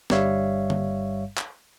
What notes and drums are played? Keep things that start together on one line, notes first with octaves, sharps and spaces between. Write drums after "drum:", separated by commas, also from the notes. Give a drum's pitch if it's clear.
G1 G2 G3 C#5 E5 F5, drum: snare
drum: tom D3
drum: clap